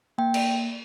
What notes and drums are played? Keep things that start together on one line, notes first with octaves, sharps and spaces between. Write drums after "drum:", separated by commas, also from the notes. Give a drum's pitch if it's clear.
A#3 G5
drum: cymbal